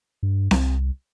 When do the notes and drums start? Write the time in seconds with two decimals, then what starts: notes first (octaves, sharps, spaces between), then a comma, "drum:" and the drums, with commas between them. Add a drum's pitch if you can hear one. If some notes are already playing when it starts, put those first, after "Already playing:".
0.23 G2
0.51 C2, drum: snare C4